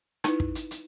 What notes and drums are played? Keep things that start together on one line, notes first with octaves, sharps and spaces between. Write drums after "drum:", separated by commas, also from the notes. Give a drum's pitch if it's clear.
D#4 E4 B4, drum: rim click
drum: kick
drum: hi-hat
drum: hi-hat